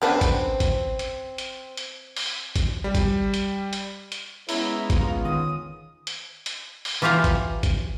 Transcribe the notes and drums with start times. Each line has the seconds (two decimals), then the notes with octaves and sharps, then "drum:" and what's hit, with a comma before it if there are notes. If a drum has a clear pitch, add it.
0.02 C#3 B3 C4 D4
0.21 drum: kick G#1, hi-hat
0.60 drum: kick G#1, hi-hat
0.99 drum: hi-hat
1.38 drum: hi-hat
1.77 drum: hi-hat
2.16 drum: open hi-hat
2.56 drum: kick G#1, hi-hat
2.84 G3
2.95 drum: kick G#1, hi-hat
3.34 drum: hi-hat
3.73 drum: hi-hat
4.12 drum: hi-hat
4.49 G#3 B3 C#4 E4 A#5, drum: open hi-hat
4.90 F4, drum: kick G#1, hi-hat
5.25 D#3 D#6
6.07 drum: hi-hat
6.46 drum: hi-hat
6.85 drum: open hi-hat
7.02 E3 F4 G4 F5 A#5
7.24 drum: kick G#1, hi-hat
7.63 drum: kick G#1, hi-hat